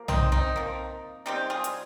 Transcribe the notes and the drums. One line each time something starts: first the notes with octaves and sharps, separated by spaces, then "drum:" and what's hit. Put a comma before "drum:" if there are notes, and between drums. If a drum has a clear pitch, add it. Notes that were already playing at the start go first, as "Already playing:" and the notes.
Already playing: F3 A#3
C4 D#4, drum: tom
C4 D#4
F3 A#3
C3 G3 C4 D#4 G4
F4 G#4
drum: hi-hat